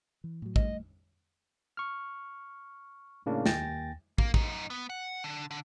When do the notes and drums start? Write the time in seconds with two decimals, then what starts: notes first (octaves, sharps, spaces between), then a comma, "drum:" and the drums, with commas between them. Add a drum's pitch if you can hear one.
0.24 E3
0.42 A2 F#3
0.56 D1 G3 A3 D#5, drum: kick
1.77 C#6 F6
3.26 A2 C#3 A#3 D4
3.46 D#2 G5 G#5 A6 A#6, drum: snare
4.18 A#3, drum: kick
4.34 F#2 D#4, drum: kick
4.70 B3
4.90 F#5
5.24 D3
5.51 D3